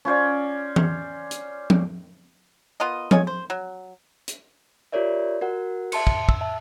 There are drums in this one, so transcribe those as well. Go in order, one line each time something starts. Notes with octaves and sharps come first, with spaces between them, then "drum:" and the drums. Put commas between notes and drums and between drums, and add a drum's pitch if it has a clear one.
C#4 F4 C5 D5
drum: tom
drum: hi-hat
drum: tom F3
B3 F4 A#4 D#5
F4 C#5 D#5 G#5, drum: tom F3
C5
F#3
drum: hi-hat
F4 G4 A#4 C#5 D5 E5
F#4 A#4 F#5
E5 A5 C6 C#7, drum: cymbal
drum: kick
E6, drum: kick
E5 A5